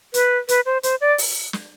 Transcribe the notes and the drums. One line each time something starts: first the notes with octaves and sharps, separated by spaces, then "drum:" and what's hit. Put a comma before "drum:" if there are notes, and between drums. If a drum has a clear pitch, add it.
B4, drum: hi-hat
B4, drum: hi-hat
C5
C5, drum: hi-hat
D5
drum: open hi-hat
drum: snare